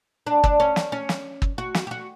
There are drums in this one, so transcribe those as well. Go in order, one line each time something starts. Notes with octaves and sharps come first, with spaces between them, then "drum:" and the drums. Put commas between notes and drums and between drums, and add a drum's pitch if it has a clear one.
D4
D4, drum: kick
C#4
drum: snare
C#4
drum: snare
drum: kick
F#4
drum: snare
G4
F#4